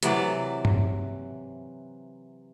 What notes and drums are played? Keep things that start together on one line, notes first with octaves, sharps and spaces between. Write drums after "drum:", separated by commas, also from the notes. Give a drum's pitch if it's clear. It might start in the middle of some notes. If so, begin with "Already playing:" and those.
C3 E3 F#3 D5, drum: hi-hat
drum: tom G2